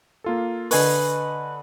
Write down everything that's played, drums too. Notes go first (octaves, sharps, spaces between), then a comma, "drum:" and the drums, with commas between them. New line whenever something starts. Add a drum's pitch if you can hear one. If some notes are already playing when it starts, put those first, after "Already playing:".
A#3 F4 A4
D3 B4 D#5 G#5 C#6, drum: open hi-hat